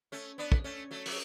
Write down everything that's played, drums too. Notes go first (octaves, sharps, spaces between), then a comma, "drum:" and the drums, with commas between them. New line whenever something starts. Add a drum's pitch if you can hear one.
A3 C#4
B3 D4
drum: kick
A3 C#4
F#3 A3
F#3, drum: open hi-hat